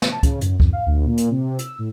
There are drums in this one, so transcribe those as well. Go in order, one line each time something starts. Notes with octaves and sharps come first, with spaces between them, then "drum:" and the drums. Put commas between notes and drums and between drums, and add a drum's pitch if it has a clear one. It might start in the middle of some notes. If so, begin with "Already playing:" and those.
drum: snare
A5
C#3, drum: kick, hi-hat
F#2, drum: hi-hat
F2, drum: kick
F5
D2
A#2
drum: hi-hat
C3
E6, drum: hi-hat
A2